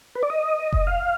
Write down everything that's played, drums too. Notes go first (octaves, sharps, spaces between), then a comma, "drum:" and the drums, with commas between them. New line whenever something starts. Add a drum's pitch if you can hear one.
B4
D5
D#5
drum: kick F1
F5